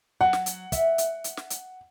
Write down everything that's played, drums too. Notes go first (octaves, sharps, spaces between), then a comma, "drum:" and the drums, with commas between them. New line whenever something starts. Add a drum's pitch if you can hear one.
F#3 F#5
drum: snare
drum: hi-hat
E5, drum: kick, hi-hat
drum: hi-hat
drum: hi-hat
drum: snare
drum: hi-hat